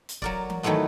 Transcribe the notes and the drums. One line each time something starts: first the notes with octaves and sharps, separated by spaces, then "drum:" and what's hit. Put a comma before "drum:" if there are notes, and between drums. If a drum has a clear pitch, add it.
drum: hi-hat
F#3 A#4 D5, drum: kick
drum: tom E3
D#3 E3 F#3 A3 B3